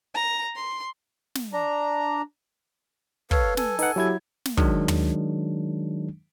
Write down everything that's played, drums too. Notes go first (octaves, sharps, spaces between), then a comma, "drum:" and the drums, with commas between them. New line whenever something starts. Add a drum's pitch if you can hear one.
A#5
C6
drum: snare
D4 A#5
A4 B4 C#5 F5, drum: kick
A4 G#5, drum: snare
D#4 B4 F#5, drum: open hi-hat
F#3 E4 G4 G#6
drum: snare
D#3 F#3 G#3 D4, drum: kick
drum: tom